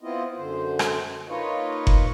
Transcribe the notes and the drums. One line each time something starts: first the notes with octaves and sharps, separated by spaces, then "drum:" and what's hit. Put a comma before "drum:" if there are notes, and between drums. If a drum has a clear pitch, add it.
B3 C4 E4 F4 D#5
F#2 D3 C5
drum: rim click
A#3 D#4 F4 B4 C#5 D#5
drum: kick F#1